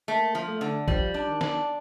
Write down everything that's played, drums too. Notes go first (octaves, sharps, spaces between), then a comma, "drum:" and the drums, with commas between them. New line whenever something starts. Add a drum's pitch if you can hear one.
A3 A#3
F3
A3
D3
F3 G3, drum: kick
D4
D#3
D4, drum: snare